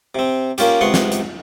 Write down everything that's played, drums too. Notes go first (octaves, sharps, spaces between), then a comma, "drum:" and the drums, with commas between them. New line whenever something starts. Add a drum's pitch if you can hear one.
C3 C4
A#3 C#4 F4 G4, drum: hi-hat
C#2 C3 B3 C6 C#6
drum: snare
drum: hi-hat